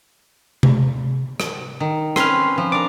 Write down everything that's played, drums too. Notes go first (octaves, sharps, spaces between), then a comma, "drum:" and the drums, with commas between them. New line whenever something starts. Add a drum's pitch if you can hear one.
drum: tom C3
drum: rim click
D#3
C4 C#4 B4 C6 F6, drum: rim click
F3
D4 A#4 D6